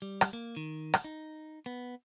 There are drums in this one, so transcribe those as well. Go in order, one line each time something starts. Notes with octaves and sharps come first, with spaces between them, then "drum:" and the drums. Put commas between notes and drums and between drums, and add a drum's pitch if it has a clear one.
G3
drum: rim click
A#3
D#3
drum: rim click
D#4
B3